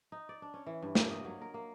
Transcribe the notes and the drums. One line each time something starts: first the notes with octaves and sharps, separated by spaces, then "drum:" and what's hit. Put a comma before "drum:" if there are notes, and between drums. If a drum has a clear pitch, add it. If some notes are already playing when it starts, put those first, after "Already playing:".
D#4
D5
D4
C#4
E3
G2
A#3, drum: snare
D#5
F#3
A#4
A#3